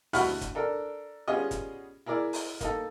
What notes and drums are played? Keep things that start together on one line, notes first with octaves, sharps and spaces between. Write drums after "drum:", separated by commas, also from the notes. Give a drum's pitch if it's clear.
D2 F#4 F#5 B5 C#6 F6, drum: open hi-hat
drum: kick, hi-hat
D4 A4 A#4
G3 B3 C#4 F4 G#4 D#5
drum: kick, hi-hat
E4 G#4 A#4 D5
drum: open hi-hat
A#3 D#4 A4, drum: kick, hi-hat